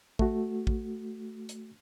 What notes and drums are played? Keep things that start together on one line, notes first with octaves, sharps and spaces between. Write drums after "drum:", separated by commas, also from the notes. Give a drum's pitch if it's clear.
A3 F#4, drum: kick
drum: kick
drum: hi-hat